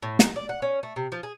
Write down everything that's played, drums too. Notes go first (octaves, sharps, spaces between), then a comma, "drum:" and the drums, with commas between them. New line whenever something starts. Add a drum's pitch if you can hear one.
A2
D#4, drum: snare
D5
F#5
C#4
A3
C3
F3
G#4